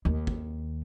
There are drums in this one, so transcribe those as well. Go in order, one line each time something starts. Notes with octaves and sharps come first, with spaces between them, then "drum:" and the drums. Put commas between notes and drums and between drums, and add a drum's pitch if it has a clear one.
D#2
drum: kick